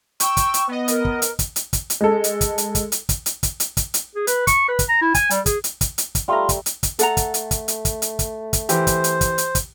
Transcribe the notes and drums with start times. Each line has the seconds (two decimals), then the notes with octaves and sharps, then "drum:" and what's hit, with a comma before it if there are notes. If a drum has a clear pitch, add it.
0.20 G5 C#6 E6, drum: hi-hat
0.37 drum: kick, hi-hat
0.54 drum: hi-hat
0.67 B3 D#5
0.88 A#4, drum: hi-hat
1.05 drum: kick
1.22 drum: hi-hat
1.39 drum: kick, hi-hat
1.56 drum: hi-hat
1.73 drum: kick, hi-hat
1.90 drum: hi-hat
2.01 G#3 A4
2.24 drum: hi-hat
2.41 drum: kick, hi-hat
2.58 drum: hi-hat
2.75 drum: kick, hi-hat
2.92 drum: hi-hat
3.09 drum: kick, hi-hat
3.26 drum: hi-hat
3.43 drum: kick, hi-hat
3.60 drum: hi-hat
3.77 drum: kick, hi-hat
3.94 drum: hi-hat
4.15 G#4
4.27 B4, drum: hi-hat
4.47 C#6, drum: kick, hi-hat
4.68 B4
4.79 drum: kick, hi-hat
4.89 A#5
5.02 E4
5.14 G#5, drum: kick, hi-hat
5.30 G3, drum: hi-hat
5.46 G#4, drum: kick, hi-hat
5.64 drum: hi-hat
5.81 drum: kick, hi-hat
5.98 drum: hi-hat
6.15 drum: kick, hi-hat
6.28 G3 A3 F4 A#5
6.49 drum: kick, hi-hat
6.66 drum: hi-hat
6.83 drum: kick, hi-hat
6.99 A3 A4 F#5 A#5, drum: hi-hat
7.17 drum: kick, hi-hat
7.34 drum: hi-hat
7.51 drum: kick, hi-hat
7.68 drum: hi-hat
7.85 drum: kick, hi-hat
8.02 drum: hi-hat
8.19 drum: kick, hi-hat
8.53 drum: kick, hi-hat
8.69 E3 G4 C5, drum: hi-hat
8.87 drum: kick, hi-hat
9.04 drum: hi-hat
9.21 drum: kick, hi-hat
9.38 drum: hi-hat
9.55 drum: kick, hi-hat